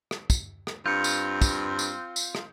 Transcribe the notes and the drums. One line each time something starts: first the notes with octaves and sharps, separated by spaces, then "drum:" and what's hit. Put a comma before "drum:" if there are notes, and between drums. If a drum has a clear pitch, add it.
drum: rim click
drum: kick, tambourine
drum: rim click
G2 C4 F4 G6 C#7
drum: tambourine
drum: kick, tambourine
drum: tambourine
drum: tambourine
drum: rim click